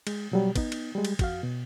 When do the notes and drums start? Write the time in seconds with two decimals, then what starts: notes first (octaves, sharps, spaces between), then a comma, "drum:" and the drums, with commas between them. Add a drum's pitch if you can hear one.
0.07 G#3, drum: cymbal
0.31 B2 F#3 G3
0.56 B3 D#4, drum: kick, cymbal
0.72 drum: cymbal
0.95 G3 G#3
1.05 drum: cymbal
1.19 F2 F#4 F5, drum: kick, cymbal
1.43 B2